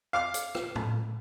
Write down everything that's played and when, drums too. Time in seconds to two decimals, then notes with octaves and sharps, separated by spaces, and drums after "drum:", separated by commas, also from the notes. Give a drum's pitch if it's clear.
0.13 F5 D6 F6
0.34 drum: hi-hat
0.55 drum: rim click
0.76 drum: tom A2